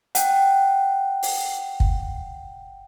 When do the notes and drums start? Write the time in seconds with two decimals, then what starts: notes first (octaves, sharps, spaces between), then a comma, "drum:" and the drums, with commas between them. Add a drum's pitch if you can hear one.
0.15 F#5 G5, drum: hi-hat
1.23 drum: open hi-hat
1.80 drum: kick